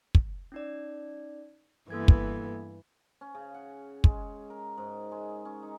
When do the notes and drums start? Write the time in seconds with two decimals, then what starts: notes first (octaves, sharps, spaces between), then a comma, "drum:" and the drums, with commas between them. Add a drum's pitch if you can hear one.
0.15 drum: kick
0.52 C#4 D#4 D5
1.90 G2 E3 A#3 B3 A4 G#6
2.08 drum: kick
3.21 C#4
3.35 C#3
3.54 F#5
4.04 G#3, drum: kick
4.50 A#4
4.78 G#2
5.12 G#3
5.45 C#4
5.63 D#4